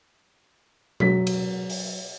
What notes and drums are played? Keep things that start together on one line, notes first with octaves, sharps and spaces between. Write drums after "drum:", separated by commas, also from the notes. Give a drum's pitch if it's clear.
F#3 B6, drum: tom
drum: cymbal
drum: open hi-hat